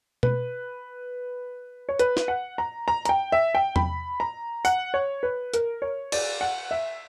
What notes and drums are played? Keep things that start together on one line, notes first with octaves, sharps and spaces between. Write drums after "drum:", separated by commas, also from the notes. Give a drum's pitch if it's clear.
B4, drum: tom B2
C#5
B4, drum: hi-hat
drum: snare
F#5
A#5
A#5
A#5, drum: hi-hat
G5
E5
G5
B5, drum: tom E2
A#5
F#5, drum: tambourine
C#5
B4
A#4, drum: hi-hat
C#5
D5, drum: cymbal
F#5
E5